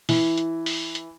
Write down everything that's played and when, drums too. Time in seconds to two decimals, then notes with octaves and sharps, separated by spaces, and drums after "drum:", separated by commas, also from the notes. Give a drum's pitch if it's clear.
0.09 E3, drum: open hi-hat
0.38 drum: hi-hat
0.66 drum: open hi-hat
0.95 drum: hi-hat